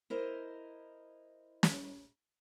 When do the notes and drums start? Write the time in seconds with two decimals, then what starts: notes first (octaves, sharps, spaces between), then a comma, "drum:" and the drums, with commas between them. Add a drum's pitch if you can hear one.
0.10 E4 A#4 C5 D#5
1.63 drum: snare